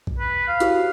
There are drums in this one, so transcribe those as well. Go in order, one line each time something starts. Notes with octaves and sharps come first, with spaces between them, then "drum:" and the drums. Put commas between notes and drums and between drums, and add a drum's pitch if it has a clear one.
drum: kick
B4
F5
E4 F#4 G4, drum: hi-hat